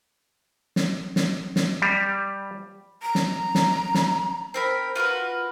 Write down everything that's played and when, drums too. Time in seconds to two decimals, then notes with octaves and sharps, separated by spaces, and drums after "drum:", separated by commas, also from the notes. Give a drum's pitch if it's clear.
0.76 drum: snare
1.16 drum: snare
1.56 drum: snare
1.82 G3
3.02 A#5
3.15 drum: snare
3.55 drum: snare
3.95 drum: snare
4.54 C4 A#4 B5
4.96 F4 F#4 A#4 B4